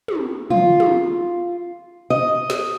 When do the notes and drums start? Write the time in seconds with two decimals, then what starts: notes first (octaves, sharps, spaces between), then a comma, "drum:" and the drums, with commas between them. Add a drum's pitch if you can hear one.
0.08 drum: tom
0.50 F4, drum: tom
0.80 drum: tom
2.10 D#5
2.50 drum: snare